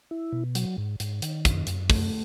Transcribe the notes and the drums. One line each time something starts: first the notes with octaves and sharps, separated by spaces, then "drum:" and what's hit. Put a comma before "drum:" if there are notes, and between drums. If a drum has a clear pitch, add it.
E4
B2
F#3, drum: hi-hat
G#2
G#2, drum: hi-hat
D#3, drum: hi-hat
F#2, drum: kick, hi-hat
F#2, drum: hi-hat
A3, drum: kick, open hi-hat